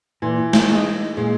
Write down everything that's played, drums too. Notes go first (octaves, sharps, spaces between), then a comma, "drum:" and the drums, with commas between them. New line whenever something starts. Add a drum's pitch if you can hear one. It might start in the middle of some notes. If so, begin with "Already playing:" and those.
A#2 E3
drum: snare
G#3 D#4
A#2 G#3